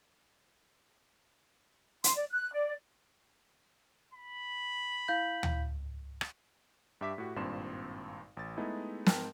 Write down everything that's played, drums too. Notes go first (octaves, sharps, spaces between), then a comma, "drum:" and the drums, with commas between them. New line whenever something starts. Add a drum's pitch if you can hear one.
C6, drum: hi-hat
D5
F#6
D5
B5
E4 F5 G6
drum: tom D2
drum: rim click
G2 G4 E5 D6 B6
A2 F#4 G4
G#1 G2 A#2 C4 C6 E7
A1 A6
G#3 A3 B3 D#4 E4 G#4
G#2 A#4 G5 A5, drum: snare